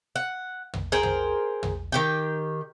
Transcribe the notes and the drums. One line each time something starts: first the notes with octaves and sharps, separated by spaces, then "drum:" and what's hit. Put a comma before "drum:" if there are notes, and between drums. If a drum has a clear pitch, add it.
F#5
drum: tom
G#4 A#4 C5 G5
drum: tom
drum: tom
D#3 G4 G5